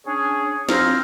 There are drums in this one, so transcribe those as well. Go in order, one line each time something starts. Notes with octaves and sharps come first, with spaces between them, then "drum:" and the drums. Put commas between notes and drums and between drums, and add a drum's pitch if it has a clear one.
C#4 D4 G#4 C#5
F3 C4 C5 A#5 F6, drum: snare